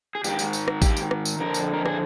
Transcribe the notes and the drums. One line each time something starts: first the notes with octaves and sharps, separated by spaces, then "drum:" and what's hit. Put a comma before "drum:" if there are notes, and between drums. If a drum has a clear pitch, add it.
G#4
G#2 D#3 G4, drum: tambourine
drum: tambourine
drum: tambourine
drum: rim click
G4, drum: kick A1, tambourine
drum: tambourine
drum: rim click
drum: tambourine
F2 D3 A#4
drum: tambourine
A#4
G#4, drum: rim click